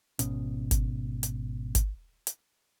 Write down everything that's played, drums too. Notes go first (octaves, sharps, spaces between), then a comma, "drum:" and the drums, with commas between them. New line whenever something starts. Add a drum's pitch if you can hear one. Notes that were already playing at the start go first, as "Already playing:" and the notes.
G#1 B2 C#4, drum: hi-hat
drum: kick G#1, hi-hat
drum: hi-hat
drum: kick G#1, hi-hat
drum: hi-hat